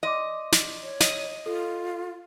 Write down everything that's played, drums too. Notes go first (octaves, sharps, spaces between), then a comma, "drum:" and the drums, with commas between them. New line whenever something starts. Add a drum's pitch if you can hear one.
D5 D#5 C6 D6
drum: snare
C#5
D#5, drum: snare
F4 A4